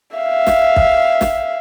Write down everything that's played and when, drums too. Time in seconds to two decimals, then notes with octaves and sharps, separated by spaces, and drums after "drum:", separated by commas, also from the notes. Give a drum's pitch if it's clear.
0.17 E5 F5
0.47 drum: snare
0.76 drum: kick
1.21 drum: snare